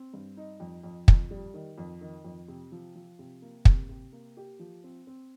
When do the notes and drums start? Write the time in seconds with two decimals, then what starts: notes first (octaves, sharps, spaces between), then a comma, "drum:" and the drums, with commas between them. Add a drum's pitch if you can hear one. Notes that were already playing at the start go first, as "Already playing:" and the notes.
Already playing: C4
0.14 G2
0.37 D#4
0.60 F2
0.83 F2
1.08 F2, drum: kick
1.31 G3
1.54 D#3
1.78 F2
2.01 D#3
2.25 F2
2.48 C3
2.72 F3
2.95 F3
3.19 C3
3.42 A#3
3.65 C3, drum: kick
3.89 C3
4.12 A#3
4.37 G4
4.59 F3
4.84 C4
5.07 C4